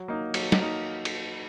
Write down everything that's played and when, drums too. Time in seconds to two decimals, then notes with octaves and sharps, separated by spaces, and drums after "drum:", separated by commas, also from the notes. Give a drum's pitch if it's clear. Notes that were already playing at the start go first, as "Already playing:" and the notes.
Already playing: F#3
0.08 A#3 D#4
0.34 F#3, drum: cymbal
0.52 drum: snare
0.61 A#3 D#4
1.05 drum: cymbal